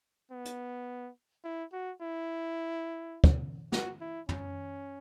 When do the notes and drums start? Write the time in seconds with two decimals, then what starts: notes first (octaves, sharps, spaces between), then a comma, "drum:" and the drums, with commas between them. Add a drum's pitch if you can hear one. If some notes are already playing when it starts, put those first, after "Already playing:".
0.31 B3
0.45 drum: hi-hat
1.44 E4
1.73 F#4
2.01 E4
3.24 drum: kick
3.72 F#4, drum: snare
4.01 E4
4.29 C#4, drum: tom